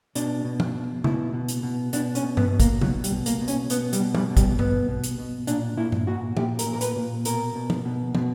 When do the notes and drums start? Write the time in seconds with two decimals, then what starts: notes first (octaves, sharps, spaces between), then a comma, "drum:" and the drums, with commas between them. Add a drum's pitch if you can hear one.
0.15 B2 D4, drum: hi-hat
0.44 B2
0.60 drum: tom
0.75 B2
1.04 B2 E4, drum: tom
1.33 B2
1.48 drum: hi-hat
1.63 B2
1.93 B2 D4, drum: hi-hat
2.15 C#4, drum: hi-hat
2.23 B2
2.37 B3, drum: tom G2
2.52 B2
2.60 A#3, drum: kick, hi-hat
2.81 B2 F#3, drum: tom
3.04 G3, drum: hi-hat
3.11 B2
3.26 A#3, drum: hi-hat
3.41 B2
3.48 C#4, drum: hi-hat
3.70 B2 B3, drum: hi-hat
3.93 G3, drum: hi-hat
4.00 B2
4.15 G3, drum: tom
4.30 B2
4.37 G3, drum: kick, hi-hat
4.59 B2 B3, drum: tom G2
4.88 B2
5.04 drum: hi-hat
5.18 B2
5.47 A#2 D4, drum: hi-hat
5.77 A#2 E4
5.92 drum: tom G2
6.07 A#2 F#4
6.37 A#2 G4, drum: tom
6.59 A#4, drum: hi-hat
6.66 A#2
6.73 A#4
6.81 B4, drum: hi-hat
6.96 A#2
7.25 B2 A#4, drum: hi-hat
7.55 B2
7.70 drum: tom
7.85 B2
8.15 B2, drum: tom